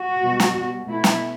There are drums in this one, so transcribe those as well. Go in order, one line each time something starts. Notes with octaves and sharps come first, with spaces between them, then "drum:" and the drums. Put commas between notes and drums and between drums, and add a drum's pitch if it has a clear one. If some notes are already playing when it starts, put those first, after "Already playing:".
Already playing: F#4
B2 G3
drum: snare
B2 G3
B2 A3 E4
drum: snare